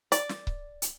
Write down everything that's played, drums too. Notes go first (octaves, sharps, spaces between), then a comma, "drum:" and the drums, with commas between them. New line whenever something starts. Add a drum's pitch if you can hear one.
D5, drum: hi-hat
drum: snare
drum: kick C#1
drum: hi-hat